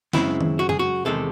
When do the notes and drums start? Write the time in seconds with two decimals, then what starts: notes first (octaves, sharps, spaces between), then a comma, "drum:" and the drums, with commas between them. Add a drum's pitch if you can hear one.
0.13 F#2 C#3 G#3 C4 E4, drum: snare
0.41 drum: tom D#3
0.59 F#4
0.69 G#4, drum: tom
0.79 F#4
1.05 E2 C3 D#3 G#3 A4